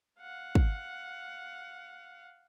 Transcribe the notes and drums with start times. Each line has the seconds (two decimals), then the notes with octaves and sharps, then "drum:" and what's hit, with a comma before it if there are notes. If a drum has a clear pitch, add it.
0.21 F5 F#5
0.55 drum: kick